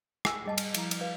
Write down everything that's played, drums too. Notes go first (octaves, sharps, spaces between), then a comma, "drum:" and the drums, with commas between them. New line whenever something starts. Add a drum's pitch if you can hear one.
G#5 E6, drum: rim click
G3 G#4 D#5 A5
drum: cymbal
F3 E4 A#5, drum: cymbal
drum: cymbal
B4 F5